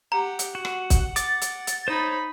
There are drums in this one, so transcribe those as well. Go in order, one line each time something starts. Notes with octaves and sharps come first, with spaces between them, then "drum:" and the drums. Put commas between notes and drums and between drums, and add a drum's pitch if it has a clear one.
G4 F#5 A#5
drum: hi-hat
F#4 F#5
drum: rim click
drum: kick, hi-hat
D6 A6, drum: hi-hat
drum: hi-hat
drum: hi-hat
D#4 C5 C#5 B5